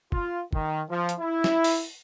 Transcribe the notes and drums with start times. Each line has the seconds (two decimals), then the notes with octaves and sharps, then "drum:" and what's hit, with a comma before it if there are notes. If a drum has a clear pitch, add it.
0.12 F4, drum: kick
0.53 D#3, drum: kick
0.89 F3
1.09 drum: hi-hat
1.19 E4
1.44 drum: snare
1.64 drum: open hi-hat